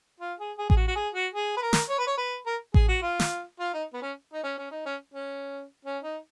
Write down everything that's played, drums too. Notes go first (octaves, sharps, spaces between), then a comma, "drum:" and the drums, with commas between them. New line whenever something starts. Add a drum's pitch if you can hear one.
F4
G#4
G#4
G#4, drum: kick A1
F#4
F#4
G#4
F#4
G#4
B4
A#4
drum: snare
C#5
B4
C#5
B4
A#4
G#4, drum: kick A1
F#4
F4
drum: snare
F4
D#4
B3
C#4
D#4
C#4
C#4
D#4
C#4
C#4
C#4
D#4